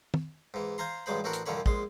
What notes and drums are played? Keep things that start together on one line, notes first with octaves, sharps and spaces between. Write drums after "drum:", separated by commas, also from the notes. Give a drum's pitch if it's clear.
drum: tom
G#2 E3
C5 F5 G#5 A#5 C6
A1 G2 F#3 G#3 C5 B5
A1 C4 F#4 A4 A#4 B5
drum: hi-hat
C2 F2 D3 A#3 C#5 B5
A#1 G#3 C6, drum: kick